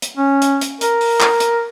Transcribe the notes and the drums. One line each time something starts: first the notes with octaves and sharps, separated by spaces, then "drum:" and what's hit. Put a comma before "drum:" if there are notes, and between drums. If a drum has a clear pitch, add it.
drum: hi-hat
C#4
drum: hi-hat
drum: hi-hat
A#4, drum: hi-hat
drum: open hi-hat
drum: clap
drum: hi-hat